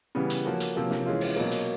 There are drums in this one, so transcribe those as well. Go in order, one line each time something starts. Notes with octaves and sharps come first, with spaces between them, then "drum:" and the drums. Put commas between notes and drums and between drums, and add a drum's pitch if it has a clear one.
C#3 E3 G3 B3
drum: hi-hat
F3 A#3 C#4 F#4
drum: hi-hat
C3 F3 A#3 C#4
drum: snare
E3 G#3 C#4 F4
drum: open hi-hat
B2 F#3 A#3
drum: hi-hat